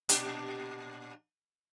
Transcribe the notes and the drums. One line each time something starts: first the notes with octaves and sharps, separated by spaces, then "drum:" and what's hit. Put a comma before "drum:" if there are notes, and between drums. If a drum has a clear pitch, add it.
A#2 D4 G4, drum: hi-hat